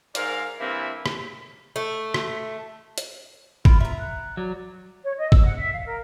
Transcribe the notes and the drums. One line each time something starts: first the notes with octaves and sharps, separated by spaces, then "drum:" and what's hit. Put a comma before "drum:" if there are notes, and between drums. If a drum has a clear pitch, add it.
G#2 A#4 C5 D5 F5, drum: hi-hat
G2 E3 A#3 C4 E4 E5
drum: rim click
A3
drum: rim click
drum: hi-hat
E4 F4, drum: kick G#1
E5 A#5
F#5
F#3 D5
C#5
D#5
E6, drum: kick G#1
F#5
E5
F5
A#4